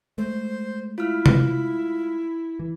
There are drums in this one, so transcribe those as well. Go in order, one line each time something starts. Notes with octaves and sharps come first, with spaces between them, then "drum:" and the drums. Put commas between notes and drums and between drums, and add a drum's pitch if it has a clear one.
G#3 A3 C5
E4 F4 F6
drum: tom C3
E3